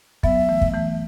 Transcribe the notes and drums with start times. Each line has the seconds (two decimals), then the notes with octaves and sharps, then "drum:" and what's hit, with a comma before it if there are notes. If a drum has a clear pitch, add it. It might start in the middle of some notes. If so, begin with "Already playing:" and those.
0.23 F#3 B3 E5, drum: kick
0.49 E3 A3
0.61 drum: kick
0.74 E3 A3